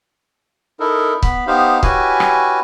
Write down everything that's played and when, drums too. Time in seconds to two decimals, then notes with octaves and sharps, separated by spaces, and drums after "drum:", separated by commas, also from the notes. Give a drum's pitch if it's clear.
0.80 D#4 E4 A4 A#4
1.23 B3 B5, drum: kick C#1
1.47 B3 D#4 G4 C5 F5
1.83 C#4 E4 F#4 G4 B4 G#5, drum: kick C#1
2.20 drum: rim click